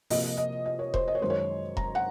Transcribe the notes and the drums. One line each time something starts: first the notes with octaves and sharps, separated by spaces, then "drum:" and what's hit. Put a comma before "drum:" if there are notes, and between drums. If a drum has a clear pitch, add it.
C3 F3 A#3 D#5, drum: open hi-hat
D#5
D#5
C#5
C5, drum: kick E1
D#5
C#5
F#2 D#3 G#3 C5
C#5
A#5, drum: kick E1
F#5